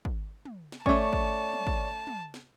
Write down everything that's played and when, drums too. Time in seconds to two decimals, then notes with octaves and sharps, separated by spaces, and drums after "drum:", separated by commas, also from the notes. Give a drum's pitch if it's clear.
0.05 drum: kick
0.45 drum: tom
0.72 drum: snare
0.86 A3 C#4 C#5 D5 A5 C#6, drum: kick
1.13 drum: kick
1.53 drum: tom
1.67 drum: kick
2.07 drum: tom
2.34 drum: snare